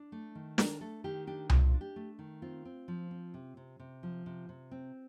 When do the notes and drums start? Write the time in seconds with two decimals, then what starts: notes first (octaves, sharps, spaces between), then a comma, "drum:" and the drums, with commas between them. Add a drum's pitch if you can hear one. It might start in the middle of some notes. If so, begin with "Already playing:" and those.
Already playing: D4
0.12 A3
0.35 D#3
0.58 D4 A#4, drum: snare
0.81 A3 A4
1.04 D#3 G4
1.27 D4 G4
1.50 A3 F4, drum: tom C2
1.74 D4
1.81 G4
1.96 A3
2.19 D#3
2.42 C4 F4
2.65 C4
2.88 F3
3.11 C4
3.34 C3
3.57 C3
3.79 C3
4.03 F3
4.26 C3
4.49 C3
4.71 C4